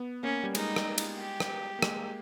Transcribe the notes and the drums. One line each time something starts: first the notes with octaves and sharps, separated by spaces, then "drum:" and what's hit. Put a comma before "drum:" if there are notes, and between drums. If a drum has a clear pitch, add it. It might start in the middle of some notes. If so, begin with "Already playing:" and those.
Already playing: B3
A#3 C#4
G3
G#3 D#4, drum: cymbal
drum: rim click
drum: cymbal
G4
drum: rim click
A#3
G#3, drum: rim click